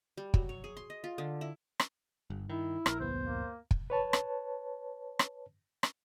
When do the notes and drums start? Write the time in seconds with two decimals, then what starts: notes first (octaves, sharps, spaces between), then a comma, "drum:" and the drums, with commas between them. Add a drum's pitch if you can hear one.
0.17 G3
0.34 F#3, drum: kick
0.49 C#5
0.64 G#4
0.77 C6
0.90 D#5
1.04 F4
1.18 D3
1.41 E4
1.80 drum: rim click
2.30 G1 G2
2.50 D#3 E4
2.86 A#1 A#4, drum: rim click
3.00 D2 G2 B3 C5
3.20 A#3
3.71 drum: kick
3.90 B4 C#5 A5
4.13 drum: rim click
5.19 drum: rim click
5.83 drum: rim click